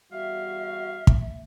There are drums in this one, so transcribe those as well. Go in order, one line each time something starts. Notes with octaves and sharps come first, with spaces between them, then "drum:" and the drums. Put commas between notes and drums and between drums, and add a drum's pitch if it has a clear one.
E2 G3 F#4 E5 F5
drum: kick